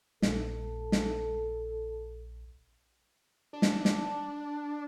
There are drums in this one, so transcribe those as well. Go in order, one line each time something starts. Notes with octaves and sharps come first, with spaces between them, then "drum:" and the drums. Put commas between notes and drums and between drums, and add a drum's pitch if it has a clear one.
A#1 A4, drum: snare
drum: snare
D4
drum: snare
drum: snare